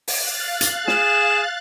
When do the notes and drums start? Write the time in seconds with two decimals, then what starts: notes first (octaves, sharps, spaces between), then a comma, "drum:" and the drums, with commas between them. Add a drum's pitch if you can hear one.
0.08 drum: open hi-hat
0.17 F5 F#6 A6
0.61 drum: hi-hat
0.88 G#4 E7, drum: snare